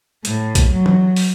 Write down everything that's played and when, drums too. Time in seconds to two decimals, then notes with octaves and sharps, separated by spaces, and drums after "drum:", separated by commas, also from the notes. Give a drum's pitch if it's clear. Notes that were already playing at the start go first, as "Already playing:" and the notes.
0.25 A2, drum: hi-hat
0.55 drum: kick, hi-hat
0.71 F#3
0.86 drum: tom E3
1.16 drum: open hi-hat